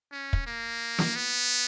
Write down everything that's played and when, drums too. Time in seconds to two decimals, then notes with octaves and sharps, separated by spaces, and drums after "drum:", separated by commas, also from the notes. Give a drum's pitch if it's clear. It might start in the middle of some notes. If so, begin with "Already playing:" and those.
0.12 C#4
0.33 drum: kick
0.47 A#3
0.98 drum: snare
1.16 B3